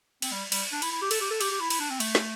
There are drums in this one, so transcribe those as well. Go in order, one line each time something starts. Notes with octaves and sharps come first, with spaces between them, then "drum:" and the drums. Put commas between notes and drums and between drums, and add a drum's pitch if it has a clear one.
C4, drum: cymbal
G3
G3, drum: cymbal
D4
E4, drum: cymbal
E4
G4
A4, drum: cymbal
G4
A4
G4, drum: cymbal
G4
E4
E4, drum: cymbal
D4
C4
A3, drum: cymbal
drum: snare